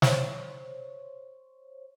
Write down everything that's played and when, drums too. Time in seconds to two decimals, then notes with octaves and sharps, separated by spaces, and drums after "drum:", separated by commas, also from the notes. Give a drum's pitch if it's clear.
0.02 C5 C#5, drum: snare